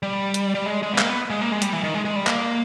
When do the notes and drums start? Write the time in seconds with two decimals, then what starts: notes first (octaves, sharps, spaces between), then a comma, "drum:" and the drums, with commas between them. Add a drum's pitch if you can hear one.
0.03 G3
0.34 drum: hi-hat
0.55 G3
0.66 G#3
0.83 G#3
0.93 B3
0.98 A#3, drum: clap
1.09 B3
1.30 G#3
1.41 A#3
1.52 G#3
1.62 G3, drum: hi-hat
1.73 E3
1.84 D#3
1.94 G#3
2.05 G#3
2.16 G3
2.27 A#3, drum: clap